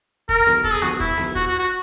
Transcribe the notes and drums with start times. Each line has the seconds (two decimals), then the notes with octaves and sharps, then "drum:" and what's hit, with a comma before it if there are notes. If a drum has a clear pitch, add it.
0.29 A#4, drum: kick
0.47 drum: snare B3
0.64 A4, drum: kick
0.73 G#4
0.82 F#4, drum: snare B3
1.00 E4, drum: kick
1.18 drum: snare B3
1.35 F#4, drum: kick
1.47 F#4
1.59 F#4